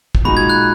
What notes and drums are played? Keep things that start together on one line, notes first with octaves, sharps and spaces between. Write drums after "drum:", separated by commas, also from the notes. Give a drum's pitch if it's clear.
drum: kick
A#2 G#3 D#4 F#4 B5
G#6
F#6